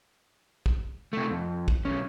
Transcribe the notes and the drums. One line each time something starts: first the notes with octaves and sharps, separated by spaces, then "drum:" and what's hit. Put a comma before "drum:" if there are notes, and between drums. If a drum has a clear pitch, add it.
drum: kick
C3 A3
F2
drum: kick
B1 C#4